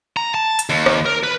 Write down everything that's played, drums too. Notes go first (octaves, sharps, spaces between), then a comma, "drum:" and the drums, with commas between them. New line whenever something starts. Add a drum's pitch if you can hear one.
A#5
A5
drum: hi-hat
D#2
drum: rim click
A#4
B4